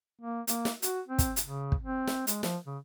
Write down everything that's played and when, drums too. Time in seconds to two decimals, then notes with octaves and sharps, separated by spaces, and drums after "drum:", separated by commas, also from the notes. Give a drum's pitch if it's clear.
0.21 A#3
0.47 A#3, drum: hi-hat
0.65 drum: snare
0.82 F#4, drum: hi-hat
1.08 C4
1.18 drum: kick, hi-hat
1.36 drum: hi-hat
1.46 C#3
1.72 drum: kick
1.82 C4
2.07 drum: snare
2.27 G#3, drum: hi-hat
2.43 F3, drum: snare
2.66 C#3